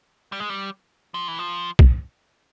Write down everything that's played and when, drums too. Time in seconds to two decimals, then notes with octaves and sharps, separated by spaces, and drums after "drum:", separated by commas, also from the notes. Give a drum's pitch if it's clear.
0.32 G3
0.40 G#3
0.49 G3
1.14 F3
1.28 E3
1.39 F3
1.79 drum: kick B1